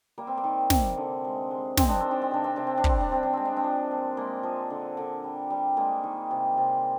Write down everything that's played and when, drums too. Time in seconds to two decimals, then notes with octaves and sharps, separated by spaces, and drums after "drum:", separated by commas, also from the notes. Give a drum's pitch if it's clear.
0.18 G3 A#3
0.27 C4
0.37 A#3
0.44 D#3
0.70 C3, drum: snare
0.97 D3
1.25 G#3
1.51 G#3
1.77 G#3 C4, drum: snare
1.89 D4
2.00 D#3 C4
2.11 D4
2.22 C4
2.31 C3 D4
2.44 C4
2.56 C3 D4
2.67 C4
2.78 D4
2.84 G3 C4, drum: kick
3.01 D4
3.10 G3 C4
3.23 D4
3.33 G#3 C4
3.45 D4
3.56 C4
3.64 F3
3.91 A#2
4.17 G#3 A#3
4.43 F3
4.70 D3
4.97 D3
5.24 G3
5.50 G3
5.77 G#3 A#3
6.03 D#3
6.31 C3
6.57 C3